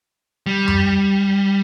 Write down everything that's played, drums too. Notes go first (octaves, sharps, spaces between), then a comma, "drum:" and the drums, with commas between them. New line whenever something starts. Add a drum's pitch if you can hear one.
G3
drum: tom F2